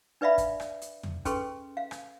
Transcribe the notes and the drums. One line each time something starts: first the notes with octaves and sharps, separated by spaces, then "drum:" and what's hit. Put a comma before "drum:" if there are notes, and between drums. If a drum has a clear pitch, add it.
D4 B4 D5 E5 F5 B5
drum: kick, hi-hat
drum: rim click
drum: hi-hat
drum: tom E2
C#4 G#4 A4 B4 C6 C#6, drum: kick, hi-hat
F5
drum: rim click